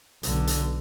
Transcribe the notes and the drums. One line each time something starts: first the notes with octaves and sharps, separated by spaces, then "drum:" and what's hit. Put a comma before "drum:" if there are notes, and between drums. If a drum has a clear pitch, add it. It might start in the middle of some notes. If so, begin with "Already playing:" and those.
B1 D3, drum: hi-hat
drum: hi-hat